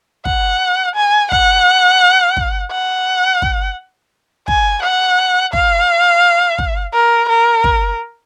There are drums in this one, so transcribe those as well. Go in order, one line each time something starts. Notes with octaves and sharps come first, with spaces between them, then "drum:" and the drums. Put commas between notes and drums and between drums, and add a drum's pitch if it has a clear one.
F#5, drum: kick
G#5
F#5, drum: kick
drum: kick
F#5
drum: kick
G#5, drum: kick
F#5
F5, drum: kick
drum: kick
A#4
A#4
drum: kick